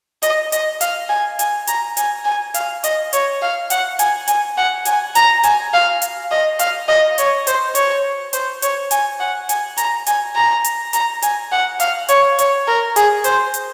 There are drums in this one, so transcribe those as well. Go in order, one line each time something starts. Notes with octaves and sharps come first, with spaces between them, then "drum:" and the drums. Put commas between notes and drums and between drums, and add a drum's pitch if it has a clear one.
D#5, drum: hi-hat
D#5, drum: hi-hat
F5, drum: hi-hat
G#5
G#5, drum: hi-hat
A#5, drum: hi-hat
G#5, drum: hi-hat
G#5
F5, drum: hi-hat
D#5, drum: hi-hat
C#5, drum: hi-hat
F5
F#5, drum: hi-hat
G#5, drum: hi-hat
G#5, drum: hi-hat
F#5
G#5, drum: hi-hat
A#5, drum: hi-hat
G#5, drum: hi-hat
F5
drum: hi-hat
D#5
F5, drum: hi-hat
D#5
C#5, drum: hi-hat
C5, drum: hi-hat
C#5, drum: hi-hat
C5, drum: hi-hat
C#5, drum: hi-hat
G#5, drum: hi-hat
F#5
G#5, drum: hi-hat
A#5, drum: hi-hat
G#5, drum: hi-hat
A#5
drum: hi-hat
A#5, drum: hi-hat
G#5, drum: hi-hat
F#5
F5, drum: hi-hat
C#5, drum: hi-hat
C#5, drum: hi-hat
A#4
G#4, drum: hi-hat
C5, drum: hi-hat
drum: hi-hat